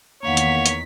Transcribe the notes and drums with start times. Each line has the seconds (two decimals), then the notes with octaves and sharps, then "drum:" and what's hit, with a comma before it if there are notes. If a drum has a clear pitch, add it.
0.23 E2 D#3 A#3 C#5 F5 F#5 B6
0.37 drum: hi-hat
0.66 drum: hi-hat